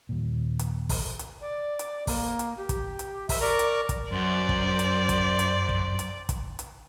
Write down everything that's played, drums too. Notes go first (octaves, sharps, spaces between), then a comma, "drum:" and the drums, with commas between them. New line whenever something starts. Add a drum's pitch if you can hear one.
D#2 A#2
drum: hi-hat
drum: kick, open hi-hat
drum: hi-hat
D5
drum: hi-hat
A#3, drum: kick, open hi-hat
drum: hi-hat
G4
drum: kick, hi-hat
drum: hi-hat
E5, drum: kick, open hi-hat
A#4 D5 A#5 C#6
drum: hi-hat
drum: kick, hi-hat
F#2 C5 D5
drum: kick
drum: hi-hat
drum: kick, hi-hat
drum: hi-hat
drum: kick
drum: hi-hat
drum: kick, hi-hat
drum: hi-hat